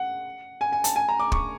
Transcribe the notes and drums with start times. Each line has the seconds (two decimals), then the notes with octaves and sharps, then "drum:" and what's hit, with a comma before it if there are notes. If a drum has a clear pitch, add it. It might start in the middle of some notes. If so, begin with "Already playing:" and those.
Already playing: F#5
0.61 G#5
0.72 G#5
0.84 A5, drum: hi-hat
0.96 G#5
1.09 A#5
1.19 D6
1.32 C#6, drum: kick